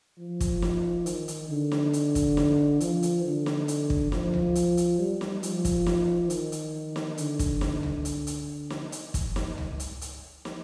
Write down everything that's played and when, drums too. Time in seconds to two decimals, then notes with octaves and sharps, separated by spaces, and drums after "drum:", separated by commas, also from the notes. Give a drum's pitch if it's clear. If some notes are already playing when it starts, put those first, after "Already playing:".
0.19 F3
0.40 drum: kick, hi-hat
0.62 drum: snare
1.06 D#3, drum: hi-hat
1.28 drum: hi-hat
1.50 D3
1.72 drum: snare
1.93 drum: hi-hat
2.15 drum: kick, hi-hat
2.37 drum: snare
2.80 F3, drum: hi-hat
3.03 drum: hi-hat
3.24 D3
3.46 drum: snare
3.68 drum: hi-hat
3.90 drum: kick
4.12 F3, drum: snare
4.34 drum: tom C#2
4.55 drum: hi-hat
4.77 drum: hi-hat
4.99 G3
5.21 drum: snare
5.43 F3, drum: hi-hat
5.65 drum: kick, hi-hat
5.86 drum: snare
6.30 D#3, drum: hi-hat
6.52 drum: hi-hat
6.96 drum: snare
7.18 D3, drum: hi-hat
7.39 drum: kick, hi-hat
7.61 drum: snare
7.83 drum: tom C#2
8.05 drum: hi-hat
8.27 drum: hi-hat
8.70 drum: snare
8.92 drum: hi-hat
9.14 drum: kick, hi-hat
9.36 drum: snare
9.58 drum: tom C#2
9.80 drum: hi-hat
10.01 drum: hi-hat
10.45 drum: snare